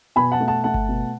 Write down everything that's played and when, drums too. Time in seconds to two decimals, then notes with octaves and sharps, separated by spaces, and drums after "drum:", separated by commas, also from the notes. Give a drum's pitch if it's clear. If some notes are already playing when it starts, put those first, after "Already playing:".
0.16 B2 G#5 B5
0.32 F#5 A5
0.40 A3
0.48 F#5 A5
0.64 A3 F#5 A5
0.74 drum: kick G1
0.88 B2